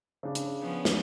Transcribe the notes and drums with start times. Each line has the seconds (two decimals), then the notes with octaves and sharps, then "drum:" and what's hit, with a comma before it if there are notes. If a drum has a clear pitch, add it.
0.23 C#3 D4
0.35 drum: hi-hat
0.60 F3 B3 C#4
0.85 drum: snare